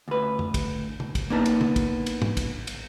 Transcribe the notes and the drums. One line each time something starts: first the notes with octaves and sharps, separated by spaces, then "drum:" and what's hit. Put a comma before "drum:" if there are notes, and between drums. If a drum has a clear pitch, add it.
D2 B4
drum: tom
drum: kick, cymbal
drum: tom
drum: kick, cymbal
A#3 B3 D4 D#4 A5
drum: cymbal
drum: tom
drum: kick, cymbal
drum: cymbal
drum: tom G#2
drum: kick, cymbal
drum: cymbal